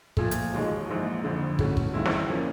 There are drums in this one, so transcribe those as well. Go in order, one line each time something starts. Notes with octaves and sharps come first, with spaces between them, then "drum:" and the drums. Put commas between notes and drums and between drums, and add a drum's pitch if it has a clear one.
A#2 F3 A3, drum: kick
drum: hi-hat
E1 D#2 D#3 G#3
A#1 G#2 E3
F#1 F2 D3
G#2 E3 A3 C#4 F#4, drum: kick
drum: kick
G2 D#3 G#3 C4 E4
drum: snare
A#2 F3 A#3 C#4